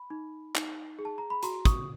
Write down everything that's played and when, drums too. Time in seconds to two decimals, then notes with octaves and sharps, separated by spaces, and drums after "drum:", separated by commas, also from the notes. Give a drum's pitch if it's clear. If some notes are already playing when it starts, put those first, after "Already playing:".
Already playing: B5
0.10 D#4
0.56 D#4, drum: clap
0.99 G#4
1.05 A5
1.18 A#5
1.30 B5
1.43 F#4 A#5 C6, drum: hi-hat
1.65 C#6 D#6, drum: kick, hi-hat